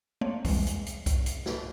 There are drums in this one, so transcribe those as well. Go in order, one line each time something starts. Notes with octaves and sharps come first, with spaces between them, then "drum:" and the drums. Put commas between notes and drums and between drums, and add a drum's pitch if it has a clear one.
A3 A#3 C4 C#5 D5
E2 E3 G3 G#3, drum: kick, open hi-hat
drum: hi-hat
drum: hi-hat
C2 G#2, drum: kick, hi-hat
drum: hi-hat
drum: snare